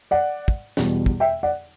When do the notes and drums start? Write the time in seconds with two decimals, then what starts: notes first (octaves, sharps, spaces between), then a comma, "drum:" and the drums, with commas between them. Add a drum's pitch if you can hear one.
0.11 D5 F#5
0.48 drum: kick
0.77 E2 B2 G3, drum: snare
1.06 drum: kick
1.20 E5 G5
1.43 D5 F#5